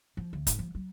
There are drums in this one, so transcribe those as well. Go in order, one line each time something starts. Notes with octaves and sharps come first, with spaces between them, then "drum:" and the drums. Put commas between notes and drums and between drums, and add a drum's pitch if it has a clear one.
F3
D2
G#2, drum: kick, hi-hat
F3
F#3